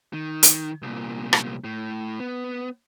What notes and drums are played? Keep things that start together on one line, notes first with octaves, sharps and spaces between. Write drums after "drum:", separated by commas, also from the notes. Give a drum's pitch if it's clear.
D#3
drum: hi-hat
C2 A#2
drum: rim click
A2
B3